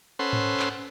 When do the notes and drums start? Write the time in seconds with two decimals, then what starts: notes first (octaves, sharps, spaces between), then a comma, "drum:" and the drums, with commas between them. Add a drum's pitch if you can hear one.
0.19 C#4 A4 B4 C5 F#5 C6
0.33 drum: tom G#2
0.60 drum: clap